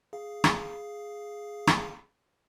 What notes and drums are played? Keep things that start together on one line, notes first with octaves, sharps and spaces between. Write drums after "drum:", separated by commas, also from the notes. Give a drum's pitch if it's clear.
G#4 F5
drum: rim click
drum: rim click